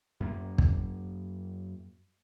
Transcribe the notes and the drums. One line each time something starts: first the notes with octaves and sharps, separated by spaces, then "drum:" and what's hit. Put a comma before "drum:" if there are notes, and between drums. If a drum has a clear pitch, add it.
F#2 A#3
drum: kick